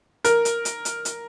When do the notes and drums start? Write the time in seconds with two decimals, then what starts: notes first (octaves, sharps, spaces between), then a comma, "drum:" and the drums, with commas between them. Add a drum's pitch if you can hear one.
0.24 A#4, drum: hi-hat
0.45 drum: hi-hat
0.65 drum: hi-hat
0.85 drum: hi-hat
1.05 drum: hi-hat